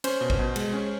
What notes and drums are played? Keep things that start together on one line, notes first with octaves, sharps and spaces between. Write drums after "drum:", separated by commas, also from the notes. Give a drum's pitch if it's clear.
C#4 C5, drum: cymbal
B2
drum: kick
B2
G#3, drum: cymbal
C#4